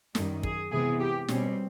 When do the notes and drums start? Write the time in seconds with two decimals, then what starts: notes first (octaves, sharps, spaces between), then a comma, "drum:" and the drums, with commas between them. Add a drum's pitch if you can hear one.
0.15 F#2 D#3 G3 A4, drum: snare
0.43 G#4, drum: kick
0.72 C3 E3 G#3 B3 G#4
1.01 G4
1.28 B2 G3 C4 C#4, drum: snare